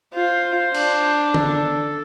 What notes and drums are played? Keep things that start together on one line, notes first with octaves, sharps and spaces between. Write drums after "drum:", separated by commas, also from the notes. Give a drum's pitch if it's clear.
F4 C5
D4, drum: cymbal
A4, drum: tom D3